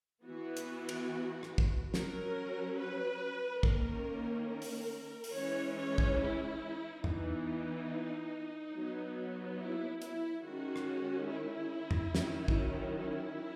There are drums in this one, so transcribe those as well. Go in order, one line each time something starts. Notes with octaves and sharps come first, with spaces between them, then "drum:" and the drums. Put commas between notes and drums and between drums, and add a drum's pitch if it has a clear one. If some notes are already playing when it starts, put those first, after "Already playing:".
E3 B3 F#4
drum: hi-hat
drum: cymbal
drum: rim click
drum: kick
F#3 C#4 A#4, drum: snare
B4
D#3 A#3 C#4 A#4, drum: kick
A#4
drum: open hi-hat
drum: open hi-hat
E3 G#3 C#4 C#5
C#5
drum: kick
E4
E3 B3 D#4, drum: tom E2
F#3 B3
E4
E4, drum: hi-hat
D#3 G#3 C#4 F#4
drum: rim click
E4
drum: tom E2
D#3 F#3 C#4, drum: snare
drum: kick
E4